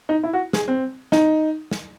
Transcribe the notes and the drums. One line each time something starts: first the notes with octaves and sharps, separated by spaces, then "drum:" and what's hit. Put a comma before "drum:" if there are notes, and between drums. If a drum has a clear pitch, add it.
D#4
E4
F#4
G#4, drum: snare
C4
D#4, drum: snare
drum: snare